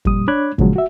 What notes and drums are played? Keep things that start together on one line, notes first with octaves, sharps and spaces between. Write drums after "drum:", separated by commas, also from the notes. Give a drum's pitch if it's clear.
F2 A#2 G3 D#6, drum: kick G1
D4 C#5 B5 D6 F#6 G#6
A#2 C#3 F3 F#3 G#3, drum: kick G1
F#4 E5